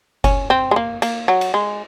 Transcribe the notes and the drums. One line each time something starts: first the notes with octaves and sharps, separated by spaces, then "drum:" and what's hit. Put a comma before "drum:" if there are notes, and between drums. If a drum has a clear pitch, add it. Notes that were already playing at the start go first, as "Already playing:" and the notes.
C#4, drum: kick F#1, cymbal
C4
G#3
A#3
A#3, drum: cymbal
F#3
drum: cymbal
G#3